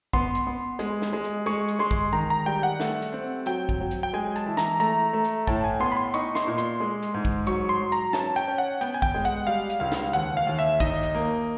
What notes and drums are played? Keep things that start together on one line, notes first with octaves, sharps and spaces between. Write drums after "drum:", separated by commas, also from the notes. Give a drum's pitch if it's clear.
B3 C6, drum: kick
drum: hi-hat
B3
G#3, drum: hi-hat
drum: snare
G#3
drum: hi-hat
G#3 C#6
drum: hi-hat
G#3 C6
drum: kick
D#3 A#5
A#5
G3 G5
F#5
A3, drum: snare
drum: hi-hat
C4
F#3 G5, drum: hi-hat
drum: kick
F#3
drum: hi-hat
G5
G#3 G#5
A5, drum: hi-hat
E3
A#5, drum: snare
A3 A#5, drum: hi-hat
A3
drum: hi-hat
A2 A5, drum: kick
G#5
B3 C6
B5
C6
D#4 C#6, drum: hi-hat
C6, drum: snare
A#2
C6, drum: hi-hat
G#3
drum: hi-hat
G#2
drum: kick
F#3 C#6, drum: hi-hat
C6
F#3
A#5, drum: hi-hat
C#4 A5, drum: snare
G5, drum: hi-hat
C#4
F#5
B3 G5, drum: hi-hat
G#5
G5, drum: kick
G#3
F#5, drum: hi-hat
G3 F5
drum: hi-hat
C#2 F5
drum: snare
D#2 F#5, drum: hi-hat
F5
D#2
E5, drum: hi-hat
D#4 D#5, drum: kick
drum: hi-hat
A#3